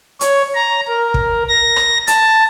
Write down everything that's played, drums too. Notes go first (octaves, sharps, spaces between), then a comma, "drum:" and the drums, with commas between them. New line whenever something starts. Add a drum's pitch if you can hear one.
C#5, drum: hi-hat
A#5
A#4
drum: kick
A#6
drum: rim click
A5, drum: hi-hat